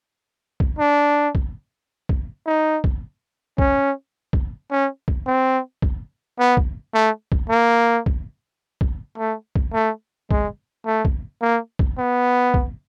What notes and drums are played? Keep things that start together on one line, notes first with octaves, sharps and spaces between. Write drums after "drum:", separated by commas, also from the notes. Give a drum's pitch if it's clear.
drum: kick
D4
drum: kick
drum: kick
D#4
drum: kick
C#4, drum: kick
drum: kick
C#4
drum: kick
C4
drum: kick
B3
drum: kick
A3
drum: kick
A#3
drum: kick
drum: kick
A3
drum: kick
A3
G#3, drum: kick
A3
drum: kick
A#3
drum: kick
B3
drum: kick